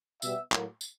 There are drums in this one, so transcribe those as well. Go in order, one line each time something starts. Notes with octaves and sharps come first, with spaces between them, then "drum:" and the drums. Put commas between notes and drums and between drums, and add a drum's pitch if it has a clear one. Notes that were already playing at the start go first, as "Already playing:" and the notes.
B2 G3 B3 E5, drum: tambourine
A2 F#3 A#3, drum: clap
drum: tambourine